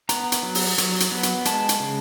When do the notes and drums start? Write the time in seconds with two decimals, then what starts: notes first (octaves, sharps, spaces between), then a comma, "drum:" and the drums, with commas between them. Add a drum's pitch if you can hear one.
0.09 B3 A#5, drum: hi-hat
0.32 drum: hi-hat
0.43 F#3
0.55 drum: open hi-hat
0.78 F#3, drum: hi-hat
1.00 drum: hi-hat
1.11 B3
1.23 drum: hi-hat
1.45 G#3 A5, drum: hi-hat
1.69 drum: hi-hat
1.80 C#3